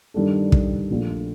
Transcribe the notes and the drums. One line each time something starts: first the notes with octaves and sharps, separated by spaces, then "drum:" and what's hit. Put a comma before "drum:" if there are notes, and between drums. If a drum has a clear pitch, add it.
G2 D#3 G3 D4 A4
drum: kick
A#1 A#2 A3